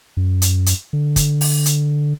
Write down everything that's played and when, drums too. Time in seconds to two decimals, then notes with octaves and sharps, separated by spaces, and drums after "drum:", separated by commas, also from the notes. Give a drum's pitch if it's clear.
0.17 F#2
0.42 drum: hi-hat
0.66 drum: hi-hat
0.93 D3
1.16 drum: kick, hi-hat
1.41 drum: open hi-hat
1.66 drum: hi-hat